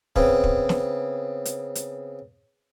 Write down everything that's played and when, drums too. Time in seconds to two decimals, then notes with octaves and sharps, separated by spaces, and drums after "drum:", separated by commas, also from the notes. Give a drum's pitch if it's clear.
0.16 C#3 B3 C4, drum: kick
0.44 drum: kick
0.69 drum: snare
1.45 drum: hi-hat
1.75 drum: hi-hat